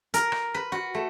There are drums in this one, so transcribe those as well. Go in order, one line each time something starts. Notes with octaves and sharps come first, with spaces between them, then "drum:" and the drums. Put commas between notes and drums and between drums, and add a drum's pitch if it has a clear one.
A#4, drum: hi-hat
drum: rim click
B4
F#4
A3